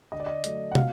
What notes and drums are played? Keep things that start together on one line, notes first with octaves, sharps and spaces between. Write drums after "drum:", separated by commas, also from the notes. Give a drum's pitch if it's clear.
D3 D#5
D5
D#5
F#3 A3, drum: hi-hat
F#5
B2 F5, drum: tom